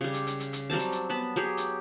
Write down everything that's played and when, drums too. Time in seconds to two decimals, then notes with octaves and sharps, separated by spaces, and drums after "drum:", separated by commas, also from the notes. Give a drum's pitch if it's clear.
0.01 C#3 G3
0.14 drum: hi-hat
0.27 drum: hi-hat
0.40 drum: hi-hat
0.53 drum: hi-hat
0.70 F#3 G3 C4 A5
0.79 drum: hi-hat
0.92 drum: hi-hat
1.09 B3 A5 B5
1.36 F#3 G4 G#4
1.57 drum: hi-hat